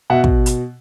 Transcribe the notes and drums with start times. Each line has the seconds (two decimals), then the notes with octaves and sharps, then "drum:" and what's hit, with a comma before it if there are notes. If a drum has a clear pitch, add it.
0.10 B2 E5 F#5
0.24 drum: kick
0.46 drum: hi-hat